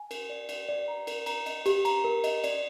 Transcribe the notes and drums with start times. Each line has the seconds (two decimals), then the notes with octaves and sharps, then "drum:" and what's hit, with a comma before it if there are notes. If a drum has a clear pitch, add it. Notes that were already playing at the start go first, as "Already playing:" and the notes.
Already playing: G#5
0.11 A#4, drum: cymbal
0.29 D5
0.49 D5, drum: cymbal
0.69 D5
0.88 A#5
1.07 A#4, drum: cymbal
1.26 A#5, drum: cymbal
1.46 D#5, drum: cymbal
1.66 G4, drum: cymbal
1.85 A#5, drum: cymbal
2.04 A#4
2.24 D#5, drum: cymbal
2.44 D5, drum: cymbal